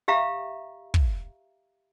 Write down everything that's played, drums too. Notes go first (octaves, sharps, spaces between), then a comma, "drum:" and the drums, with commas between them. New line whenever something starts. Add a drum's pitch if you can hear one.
G4 E5 F5 A#5
drum: kick